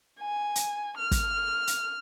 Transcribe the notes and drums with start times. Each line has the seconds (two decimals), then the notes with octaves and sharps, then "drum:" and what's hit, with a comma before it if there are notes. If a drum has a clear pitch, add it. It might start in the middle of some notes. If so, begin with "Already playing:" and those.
0.20 G#5
0.56 drum: hi-hat
0.97 F6
1.11 drum: kick, hi-hat
1.67 drum: hi-hat